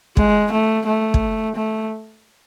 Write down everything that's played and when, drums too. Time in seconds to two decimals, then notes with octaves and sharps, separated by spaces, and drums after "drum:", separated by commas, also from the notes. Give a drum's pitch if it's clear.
0.17 G#3, drum: kick
0.52 A3
0.87 A3
1.14 drum: kick
1.55 A3